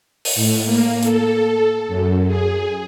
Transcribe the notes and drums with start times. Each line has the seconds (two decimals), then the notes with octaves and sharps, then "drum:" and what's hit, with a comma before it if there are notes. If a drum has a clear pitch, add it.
0.25 drum: open hi-hat
0.35 A2
0.65 A#3
1.03 A4, drum: hi-hat
1.88 F#2
2.27 G#4